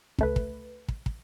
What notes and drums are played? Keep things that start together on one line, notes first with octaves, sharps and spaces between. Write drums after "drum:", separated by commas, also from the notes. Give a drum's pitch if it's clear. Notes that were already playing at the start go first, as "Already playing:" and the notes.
C#2 A3 B4, drum: kick
drum: kick
drum: kick
drum: kick